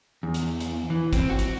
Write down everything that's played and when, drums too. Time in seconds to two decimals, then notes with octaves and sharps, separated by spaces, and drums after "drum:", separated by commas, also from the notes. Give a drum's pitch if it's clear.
0.23 E2
0.34 drum: hi-hat
0.60 drum: hi-hat
0.90 E3
1.13 C4, drum: kick, hi-hat
1.30 F#4
1.39 drum: hi-hat